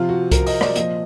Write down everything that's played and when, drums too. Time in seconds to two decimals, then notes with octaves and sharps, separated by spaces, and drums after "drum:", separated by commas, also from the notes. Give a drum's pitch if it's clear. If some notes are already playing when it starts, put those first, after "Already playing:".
Already playing: C3 F3 F4
0.09 F#4
0.32 A#4, drum: kick C2, hi-hat
0.46 D#5, drum: open hi-hat
0.61 D5, drum: rim click
0.76 A#2 F3 D#5, drum: hi-hat